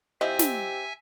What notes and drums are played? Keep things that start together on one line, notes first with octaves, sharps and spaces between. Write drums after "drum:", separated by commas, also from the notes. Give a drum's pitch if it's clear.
F3 C4 E4 G4 D#5 E5 G#5
drum: snare